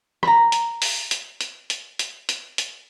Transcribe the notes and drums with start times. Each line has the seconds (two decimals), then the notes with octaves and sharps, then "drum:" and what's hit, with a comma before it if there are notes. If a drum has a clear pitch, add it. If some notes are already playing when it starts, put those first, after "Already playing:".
0.23 A#5 B5, drum: rim click
0.52 drum: hi-hat
0.82 drum: open hi-hat
1.11 drum: hi-hat
1.41 drum: hi-hat
1.70 drum: hi-hat
1.99 drum: hi-hat
2.29 drum: hi-hat
2.58 drum: hi-hat